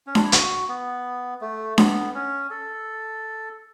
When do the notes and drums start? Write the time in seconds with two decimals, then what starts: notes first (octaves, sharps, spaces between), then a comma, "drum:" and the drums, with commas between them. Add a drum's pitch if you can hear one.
0.07 C#4
0.15 D4, drum: snare D4
0.24 E4
0.32 F#4, drum: hi-hat
0.69 B3
1.41 A3
1.78 B3, drum: snare D4
2.14 C#4
2.50 A4